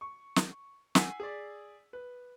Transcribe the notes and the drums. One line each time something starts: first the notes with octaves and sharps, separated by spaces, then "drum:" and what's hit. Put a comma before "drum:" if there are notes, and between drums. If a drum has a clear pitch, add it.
C#6
drum: snare
F#5 G#5 E6 B6 C7, drum: snare
G#4 D5
B4